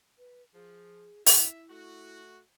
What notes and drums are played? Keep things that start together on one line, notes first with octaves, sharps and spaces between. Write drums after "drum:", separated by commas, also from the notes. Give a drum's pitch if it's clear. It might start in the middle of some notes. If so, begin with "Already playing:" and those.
B4
F3 G#4
E4 E5, drum: open hi-hat
A3 F#4